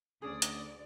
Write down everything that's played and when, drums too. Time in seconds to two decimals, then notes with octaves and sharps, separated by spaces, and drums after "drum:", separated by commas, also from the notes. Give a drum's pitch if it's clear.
0.22 D2 C#4 D4 G#4 D5 D#6
0.42 drum: hi-hat